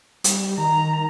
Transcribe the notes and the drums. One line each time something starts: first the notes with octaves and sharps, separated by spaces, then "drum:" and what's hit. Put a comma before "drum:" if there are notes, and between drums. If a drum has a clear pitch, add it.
G3, drum: hi-hat
D#3 A#5